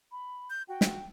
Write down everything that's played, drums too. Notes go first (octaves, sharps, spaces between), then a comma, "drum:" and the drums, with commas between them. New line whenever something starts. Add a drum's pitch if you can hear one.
B5
G6
F#4 G5
drum: snare